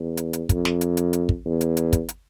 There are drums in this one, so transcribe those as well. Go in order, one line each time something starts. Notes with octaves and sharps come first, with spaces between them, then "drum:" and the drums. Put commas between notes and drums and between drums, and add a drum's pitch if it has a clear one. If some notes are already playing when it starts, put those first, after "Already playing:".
Already playing: E2
drum: hi-hat
drum: hi-hat
F2, drum: kick, hi-hat
drum: snare
drum: hi-hat
drum: hi-hat
drum: hi-hat
drum: kick
E2
drum: hi-hat
drum: hi-hat
drum: kick, hi-hat
drum: hi-hat